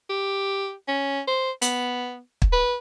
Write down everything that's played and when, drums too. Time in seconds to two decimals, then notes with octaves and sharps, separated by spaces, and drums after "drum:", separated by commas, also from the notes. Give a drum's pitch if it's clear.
0.10 G4
0.88 C#4
1.27 C5
1.62 B3, drum: hi-hat
2.42 drum: kick
2.53 B4